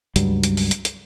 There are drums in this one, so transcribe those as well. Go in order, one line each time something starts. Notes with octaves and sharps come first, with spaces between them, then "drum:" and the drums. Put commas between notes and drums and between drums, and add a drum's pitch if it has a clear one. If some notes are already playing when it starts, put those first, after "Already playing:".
C#2 G2 F#3 G3, drum: hi-hat
drum: hi-hat
drum: open hi-hat
drum: hi-hat
drum: hi-hat